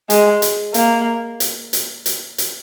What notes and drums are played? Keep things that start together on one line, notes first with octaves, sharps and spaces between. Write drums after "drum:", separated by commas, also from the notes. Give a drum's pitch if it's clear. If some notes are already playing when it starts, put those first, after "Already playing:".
G#3, drum: hi-hat
drum: hi-hat
A#3, drum: hi-hat
drum: hi-hat
drum: hi-hat
drum: hi-hat
drum: hi-hat